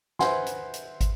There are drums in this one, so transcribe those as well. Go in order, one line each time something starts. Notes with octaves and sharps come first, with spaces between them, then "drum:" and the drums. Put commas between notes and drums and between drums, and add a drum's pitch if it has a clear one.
B4 C5 E5 F#5 G#5 C6, drum: snare
drum: hi-hat
drum: hi-hat
drum: kick, hi-hat